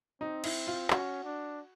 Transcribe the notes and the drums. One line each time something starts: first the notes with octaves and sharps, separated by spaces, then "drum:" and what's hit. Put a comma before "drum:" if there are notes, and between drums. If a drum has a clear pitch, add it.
C4 D#4
E4, drum: cymbal
F4
C#4 F#4, drum: clap
D4